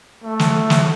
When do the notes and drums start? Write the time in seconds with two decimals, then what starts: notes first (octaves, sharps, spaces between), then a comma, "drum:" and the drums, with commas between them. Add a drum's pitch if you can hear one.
0.24 A3
0.39 drum: snare
0.70 drum: snare